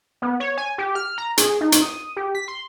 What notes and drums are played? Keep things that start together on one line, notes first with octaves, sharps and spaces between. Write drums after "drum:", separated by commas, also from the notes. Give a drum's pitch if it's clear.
B3
C#5
G#5
G4
F6
A#5
G#4, drum: hi-hat
D#4
drum: hi-hat
D#6
G4
B6
C6